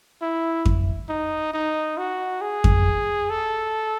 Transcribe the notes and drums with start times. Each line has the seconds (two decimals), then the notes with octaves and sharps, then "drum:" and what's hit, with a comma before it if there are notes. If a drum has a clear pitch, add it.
0.22 E4
0.65 drum: kick F2
1.09 D#4
1.54 D#4
1.98 F#4
2.42 G#4
2.64 drum: kick F2
3.30 A4